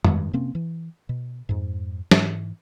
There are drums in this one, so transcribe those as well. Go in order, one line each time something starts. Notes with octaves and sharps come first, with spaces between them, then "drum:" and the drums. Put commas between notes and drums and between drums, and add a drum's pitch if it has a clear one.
G2 D#3 G#3, drum: tom F2
C3 A#3 C4 C#4
E3
B2
F2 G#2
G#2 E3, drum: snare